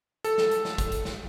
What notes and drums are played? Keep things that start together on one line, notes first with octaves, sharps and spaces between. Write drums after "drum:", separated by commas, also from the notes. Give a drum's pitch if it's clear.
A4, drum: hi-hat
drum: snare
drum: hi-hat
drum: snare
drum: kick, hi-hat
drum: hi-hat
drum: snare